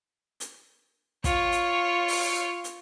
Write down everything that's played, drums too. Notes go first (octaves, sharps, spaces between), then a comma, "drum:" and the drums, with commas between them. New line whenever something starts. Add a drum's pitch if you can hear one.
drum: hi-hat
F4 C#5, drum: kick, hi-hat
drum: hi-hat
drum: open hi-hat
drum: hi-hat